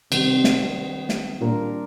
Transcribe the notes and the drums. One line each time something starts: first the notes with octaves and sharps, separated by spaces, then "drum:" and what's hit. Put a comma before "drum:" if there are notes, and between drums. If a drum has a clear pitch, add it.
C3 D#3 G3 C4, drum: cymbal
drum: snare
drum: snare
A#2 G3 D4 F4 A#4